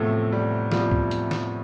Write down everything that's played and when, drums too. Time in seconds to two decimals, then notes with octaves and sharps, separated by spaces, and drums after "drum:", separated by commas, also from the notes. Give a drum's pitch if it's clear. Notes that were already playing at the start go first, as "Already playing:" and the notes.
Already playing: E2 A2 C3 F3 A3
0.32 G3
0.72 E2 C3 F3 G3, drum: snare
0.91 drum: kick C2
1.11 drum: hi-hat
1.31 drum: snare